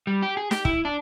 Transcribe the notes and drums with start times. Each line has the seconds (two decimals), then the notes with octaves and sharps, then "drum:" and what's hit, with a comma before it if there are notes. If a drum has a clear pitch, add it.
0.07 G3
0.22 G4
0.37 G#4
0.51 G4, drum: snare
0.65 E4, drum: kick
0.85 D4